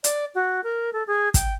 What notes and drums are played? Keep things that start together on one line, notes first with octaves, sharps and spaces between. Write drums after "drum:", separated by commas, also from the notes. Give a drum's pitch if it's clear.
D5, drum: hi-hat
F#4
A#4
A4
G#4
G5, drum: kick, hi-hat